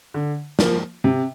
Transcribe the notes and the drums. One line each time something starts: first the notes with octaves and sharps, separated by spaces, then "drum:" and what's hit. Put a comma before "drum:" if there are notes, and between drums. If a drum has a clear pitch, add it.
D3
F3 A#3, drum: snare
C3